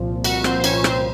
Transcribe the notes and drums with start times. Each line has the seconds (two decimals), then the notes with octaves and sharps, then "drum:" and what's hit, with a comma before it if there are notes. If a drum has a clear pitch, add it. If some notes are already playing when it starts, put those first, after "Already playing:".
Already playing: C2 A#2 F3
0.24 F#4 F#5, drum: cymbal
0.44 C4 C5, drum: rim click
0.59 C5
0.64 C#4 C#5, drum: cymbal
0.84 C4 C5, drum: rim click